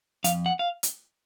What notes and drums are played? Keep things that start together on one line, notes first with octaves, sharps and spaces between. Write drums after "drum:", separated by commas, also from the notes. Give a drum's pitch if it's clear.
F2 F5, drum: hi-hat
F#5
F5
drum: hi-hat